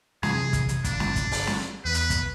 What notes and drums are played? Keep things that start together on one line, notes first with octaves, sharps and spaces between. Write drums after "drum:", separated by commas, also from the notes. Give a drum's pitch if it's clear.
F#2 C3 E3 G#4, drum: snare
drum: kick, hi-hat
drum: hi-hat
G1 D4, drum: kick, hi-hat
drum: snare
drum: kick, hi-hat
drum: open hi-hat
drum: snare
E2 B4
drum: hi-hat
drum: kick, hi-hat